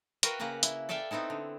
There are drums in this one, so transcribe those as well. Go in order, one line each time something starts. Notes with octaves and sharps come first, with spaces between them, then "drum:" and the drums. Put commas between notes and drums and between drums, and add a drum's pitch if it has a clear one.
F#4 A#4 B4 F5 G5, drum: hi-hat
C#3 A#3 B4 F#5 A#5
E4, drum: hi-hat
A4 D5 E5 F5 G5
B3 C4 D#4 E4 A4
D3